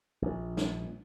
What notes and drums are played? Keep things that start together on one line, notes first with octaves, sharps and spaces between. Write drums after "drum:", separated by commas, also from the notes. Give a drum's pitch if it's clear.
A#1
drum: snare